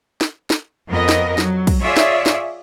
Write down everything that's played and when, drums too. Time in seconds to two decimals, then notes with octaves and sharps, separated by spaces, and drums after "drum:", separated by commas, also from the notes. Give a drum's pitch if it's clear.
0.21 drum: snare
0.50 drum: snare
0.88 F2 B3 A#4 D#5
1.09 drum: snare
1.38 F#3, drum: snare
1.67 drum: kick, cymbal
1.81 F4 G#4 C#5 D5 E5
1.97 drum: snare
2.26 drum: snare